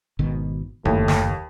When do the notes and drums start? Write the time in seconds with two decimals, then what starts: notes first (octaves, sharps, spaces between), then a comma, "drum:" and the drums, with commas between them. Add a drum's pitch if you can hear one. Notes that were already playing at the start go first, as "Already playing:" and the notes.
0.19 G#1 B2 D#3
0.85 F#1 D#2 A2, drum: kick E1
1.08 drum: snare